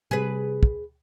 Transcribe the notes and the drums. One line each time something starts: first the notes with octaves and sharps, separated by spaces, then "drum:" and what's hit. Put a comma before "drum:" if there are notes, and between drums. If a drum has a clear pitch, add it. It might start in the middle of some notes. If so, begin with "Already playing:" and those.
C3 G3 G#4 B4
drum: kick